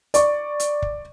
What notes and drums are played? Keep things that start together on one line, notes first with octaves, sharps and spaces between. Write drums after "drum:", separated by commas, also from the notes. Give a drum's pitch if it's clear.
D5 C#6, drum: hi-hat
drum: hi-hat
drum: kick